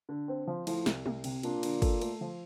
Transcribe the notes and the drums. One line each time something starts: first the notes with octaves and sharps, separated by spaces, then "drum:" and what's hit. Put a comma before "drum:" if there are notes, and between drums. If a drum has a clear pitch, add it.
D3
C4
F3
A2 F3, drum: cymbal
C2, drum: snare
C2, drum: tom G#3
C3, drum: cymbal
A#2 D4, drum: cymbal
D3, drum: cymbal
A4, drum: kick, cymbal
A3, drum: cymbal
F3